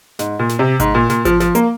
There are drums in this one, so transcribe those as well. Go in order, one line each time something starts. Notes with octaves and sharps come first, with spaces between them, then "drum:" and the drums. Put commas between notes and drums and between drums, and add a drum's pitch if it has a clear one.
G#2, drum: snare
A#2
drum: snare
C3
G#2, drum: kick G#1, hi-hat
A#2
A#2, drum: snare
F3, drum: kick G#1, hi-hat
F3, drum: snare
A#3, drum: hi-hat